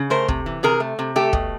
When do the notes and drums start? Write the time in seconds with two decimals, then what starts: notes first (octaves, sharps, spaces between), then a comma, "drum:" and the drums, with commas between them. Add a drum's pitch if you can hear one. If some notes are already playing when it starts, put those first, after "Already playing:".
Already playing: C#3
0.10 A3 A#4 C5
0.28 C3, drum: kick
0.46 E3
0.63 C3 G#4 A#4
0.80 A3
0.99 C3
1.16 A3 G4 A4
1.33 B2, drum: kick